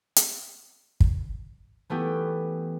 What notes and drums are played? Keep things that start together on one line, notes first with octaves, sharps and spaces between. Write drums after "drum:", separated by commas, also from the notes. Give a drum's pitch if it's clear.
drum: hi-hat
drum: kick
E3 A3 B3 E4 G4